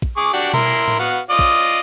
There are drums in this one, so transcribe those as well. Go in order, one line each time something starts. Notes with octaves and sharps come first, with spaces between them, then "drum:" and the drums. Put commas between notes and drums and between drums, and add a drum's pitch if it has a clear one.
drum: kick
G#4 C#6 D6
D4 F#4 G4
E4 A#4 C6, drum: tom B2
drum: tom A2
B3 F#4 F5
F4 D5 D#5
drum: kick